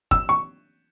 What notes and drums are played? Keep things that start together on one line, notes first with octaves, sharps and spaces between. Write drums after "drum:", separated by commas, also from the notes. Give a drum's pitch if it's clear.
E6, drum: kick
C#6